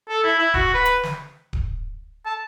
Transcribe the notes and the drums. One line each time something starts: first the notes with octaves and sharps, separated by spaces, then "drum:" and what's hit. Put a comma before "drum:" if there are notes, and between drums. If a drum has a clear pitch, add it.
A4
E4
E4
F#4, drum: kick D1
B4
drum: hi-hat
drum: snare
drum: kick D1
A5